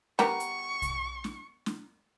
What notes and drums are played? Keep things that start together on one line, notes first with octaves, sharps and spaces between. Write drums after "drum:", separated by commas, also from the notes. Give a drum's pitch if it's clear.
G3 B3 A#4 C#6, drum: snare
drum: hi-hat
drum: kick, hi-hat
drum: snare
drum: snare